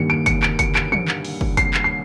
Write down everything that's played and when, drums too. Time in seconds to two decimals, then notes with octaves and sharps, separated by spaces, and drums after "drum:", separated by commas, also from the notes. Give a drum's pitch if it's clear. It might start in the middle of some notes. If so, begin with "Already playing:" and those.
Already playing: G2 D#3 G3 A#3 C#7
0.10 D7
0.26 C#7, drum: kick, hi-hat
0.43 D7, drum: clap
0.59 C#7, drum: kick, hi-hat
0.75 D7, drum: clap
0.92 C#7, drum: tom
1.08 drum: clap
1.25 drum: open hi-hat
1.41 drum: kick
1.57 C7, drum: kick, hi-hat
1.74 drum: clap
1.84 C7